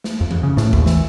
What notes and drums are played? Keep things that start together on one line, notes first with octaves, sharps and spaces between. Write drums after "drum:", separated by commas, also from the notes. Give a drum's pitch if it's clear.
drum: snare
F2
drum: tom E3
C#3
A2, drum: snare
D#2, drum: kick G#1
E3, drum: snare